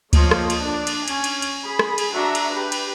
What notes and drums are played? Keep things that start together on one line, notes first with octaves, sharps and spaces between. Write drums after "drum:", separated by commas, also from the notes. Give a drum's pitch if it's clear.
F3 A#3 F4 C#5 D#5, drum: kick C#2, cymbal
drum: rim click
drum: cymbal
D4 D5
drum: cymbal
C#4 G#5, drum: cymbal
drum: cymbal
drum: cymbal
G#4 B5
drum: rim click
drum: cymbal
D4 F#4 E5 A#5
drum: cymbal
G4 B4
drum: cymbal